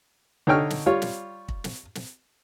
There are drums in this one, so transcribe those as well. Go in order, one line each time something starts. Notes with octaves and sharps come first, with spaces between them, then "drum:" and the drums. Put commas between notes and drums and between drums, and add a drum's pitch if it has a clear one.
D3 D#4 C#5 G5 F6
drum: snare
G3 F4 C#5
drum: snare
drum: kick
drum: snare
drum: snare